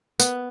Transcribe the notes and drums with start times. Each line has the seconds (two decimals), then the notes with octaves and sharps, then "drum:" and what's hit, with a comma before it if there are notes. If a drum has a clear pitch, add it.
0.20 B3, drum: tambourine